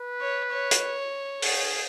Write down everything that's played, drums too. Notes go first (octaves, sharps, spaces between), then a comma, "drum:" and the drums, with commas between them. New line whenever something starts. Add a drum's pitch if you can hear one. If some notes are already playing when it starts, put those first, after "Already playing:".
Already playing: B4
C#5
C#5
drum: hi-hat
G#4, drum: open hi-hat